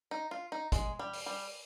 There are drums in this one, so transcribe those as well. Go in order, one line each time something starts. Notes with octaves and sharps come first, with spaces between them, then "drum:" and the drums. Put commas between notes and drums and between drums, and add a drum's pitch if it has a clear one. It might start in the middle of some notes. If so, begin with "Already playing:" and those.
D#4
F4
D#4
G#3, drum: kick, hi-hat
G3
drum: open hi-hat
G3